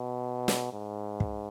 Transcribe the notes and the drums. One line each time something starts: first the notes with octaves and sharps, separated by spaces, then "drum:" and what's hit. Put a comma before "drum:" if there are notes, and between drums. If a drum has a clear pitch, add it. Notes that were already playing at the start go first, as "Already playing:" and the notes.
Already playing: B2
drum: snare
G#2
drum: kick